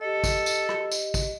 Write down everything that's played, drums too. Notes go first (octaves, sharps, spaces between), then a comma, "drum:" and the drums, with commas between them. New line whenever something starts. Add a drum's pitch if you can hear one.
G4 A4 D#5
drum: kick, tambourine
drum: tambourine
drum: rim click
drum: tambourine
drum: kick, tambourine